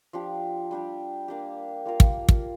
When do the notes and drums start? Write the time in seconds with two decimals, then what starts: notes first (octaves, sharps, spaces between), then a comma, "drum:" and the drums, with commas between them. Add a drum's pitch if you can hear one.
0.13 F3 D4 G4
0.71 G3 D4 G4
1.28 A#3 D4 G4
1.86 A#3 F4 A#4 F5
2.00 drum: kick
2.29 drum: kick